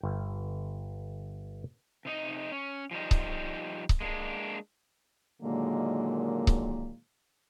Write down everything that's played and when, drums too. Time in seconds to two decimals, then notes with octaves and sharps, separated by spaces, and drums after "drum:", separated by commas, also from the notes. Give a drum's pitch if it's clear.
0.01 G1 G5
2.05 C3 D#4 D#5
2.52 C#4
2.91 F3 G3 D#4
3.11 drum: kick C#1
3.89 drum: kick C#1
4.01 G#3 A#3 D4
5.42 A#2 D3 D#3 F#3 G#3 A#3
6.47 drum: kick C#1